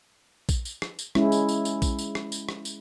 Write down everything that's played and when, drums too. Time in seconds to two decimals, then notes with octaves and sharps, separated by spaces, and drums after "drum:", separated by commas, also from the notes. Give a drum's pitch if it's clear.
0.49 drum: kick A#1, tambourine
0.65 drum: tambourine
0.82 drum: rim click
0.99 drum: tambourine
1.15 G#3 C#4 E4, drum: rim click
1.32 drum: tambourine
1.49 drum: tambourine
1.65 drum: tambourine
1.82 drum: kick A#1, tambourine
1.99 drum: tambourine
2.15 drum: rim click
2.32 drum: tambourine
2.49 drum: rim click
2.65 drum: tambourine